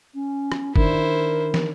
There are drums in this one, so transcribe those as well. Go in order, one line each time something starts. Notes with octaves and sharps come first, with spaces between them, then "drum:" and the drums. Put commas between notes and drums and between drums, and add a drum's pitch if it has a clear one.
C#4
drum: rim click
D#3 D4 E4 A#4 C5, drum: kick
drum: snare